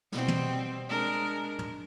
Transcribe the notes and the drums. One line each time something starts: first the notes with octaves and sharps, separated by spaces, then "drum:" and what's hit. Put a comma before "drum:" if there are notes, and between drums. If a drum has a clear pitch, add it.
B2 G3 C4, drum: snare
drum: tom
G#3 D4 A#4
drum: tom